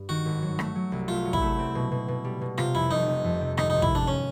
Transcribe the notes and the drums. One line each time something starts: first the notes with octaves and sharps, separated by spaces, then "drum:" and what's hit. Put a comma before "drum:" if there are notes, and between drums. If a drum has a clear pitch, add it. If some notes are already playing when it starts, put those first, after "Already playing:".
Already playing: G2
D#3 F#4
G#1
F#3
A3, drum: rim click
F#3
C2
A3 F4
F#3
E4, drum: kick
A3
C4
B2
B2
B2
G3
B2
C3 F4, drum: rim click
F2 E4
F1 D#4
C3
F2
C3
G#1 D#4, drum: rim click
G#1 D#4
E4, drum: kick
G#1 D4
C#4